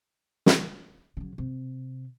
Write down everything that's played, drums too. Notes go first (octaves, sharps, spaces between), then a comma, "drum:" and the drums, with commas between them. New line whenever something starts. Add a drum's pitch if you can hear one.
drum: snare
C#3 F#3
C3